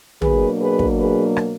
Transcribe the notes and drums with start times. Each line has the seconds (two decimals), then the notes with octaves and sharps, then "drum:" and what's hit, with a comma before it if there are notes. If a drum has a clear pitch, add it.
0.22 B2 F#3 A#3 D4 G#4 B4, drum: tom
0.59 G#4 B4
0.79 drum: kick
0.98 G#4 B4
1.37 drum: rim click